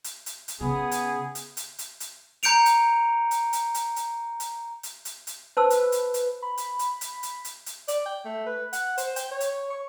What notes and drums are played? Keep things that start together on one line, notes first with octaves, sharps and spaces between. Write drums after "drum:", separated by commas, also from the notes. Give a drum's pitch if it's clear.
drum: hi-hat
drum: hi-hat
drum: hi-hat
C#3 B3 G#4
drum: hi-hat
drum: hi-hat
drum: hi-hat
drum: hi-hat
drum: hi-hat
A#5 G6 C#7 D7 F7, drum: hi-hat
drum: hi-hat
drum: hi-hat
drum: hi-hat
drum: hi-hat
drum: hi-hat
drum: hi-hat
drum: hi-hat
drum: hi-hat
drum: hi-hat
B4 C5 A5 E6
drum: hi-hat
drum: hi-hat
drum: hi-hat
B5
drum: hi-hat
drum: hi-hat
drum: hi-hat
drum: hi-hat
drum: hi-hat
drum: hi-hat
D5, drum: hi-hat
G5
A3
B4
F#5, drum: hi-hat
C5, drum: hi-hat
G5, drum: hi-hat
C#5
drum: hi-hat
C#6